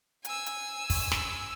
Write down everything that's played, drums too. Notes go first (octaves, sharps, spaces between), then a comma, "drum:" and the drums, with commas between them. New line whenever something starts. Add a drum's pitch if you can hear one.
G#5 E6, drum: hi-hat
drum: hi-hat
drum: kick, open hi-hat
drum: snare